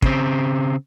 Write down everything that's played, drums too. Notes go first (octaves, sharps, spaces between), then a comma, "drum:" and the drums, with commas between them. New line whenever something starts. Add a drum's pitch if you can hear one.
C#3 C4, drum: kick